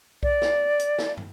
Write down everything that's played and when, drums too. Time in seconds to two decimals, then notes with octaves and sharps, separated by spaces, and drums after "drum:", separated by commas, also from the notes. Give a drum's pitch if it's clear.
0.23 D5, drum: kick B1
0.42 drum: snare
0.80 drum: hi-hat
0.98 drum: snare
1.17 drum: tom